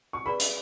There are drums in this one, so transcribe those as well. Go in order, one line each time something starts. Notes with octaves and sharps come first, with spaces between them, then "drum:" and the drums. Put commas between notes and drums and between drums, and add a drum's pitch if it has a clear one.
C#6
G#4 B4 D5 B5
drum: hi-hat